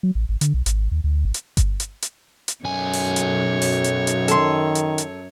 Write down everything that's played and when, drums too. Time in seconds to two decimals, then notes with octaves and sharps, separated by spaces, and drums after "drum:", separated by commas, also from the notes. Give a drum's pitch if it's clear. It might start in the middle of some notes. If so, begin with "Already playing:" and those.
0.03 F#3
0.15 A1
0.29 G#1
0.41 D3, drum: hi-hat
0.54 B1
0.66 G#1, drum: hi-hat
0.91 D#2
1.04 D2
1.25 G#1
1.34 drum: hi-hat
1.57 drum: kick G1, hi-hat
1.80 drum: hi-hat
2.02 drum: hi-hat
2.48 drum: hi-hat
2.65 B1 F#2 C#5 G#5
2.93 drum: open hi-hat
3.16 drum: hi-hat
3.62 drum: open hi-hat
3.84 drum: hi-hat
4.07 drum: hi-hat
4.28 D#3 A4 C6, drum: hi-hat
4.75 drum: hi-hat
4.98 drum: hi-hat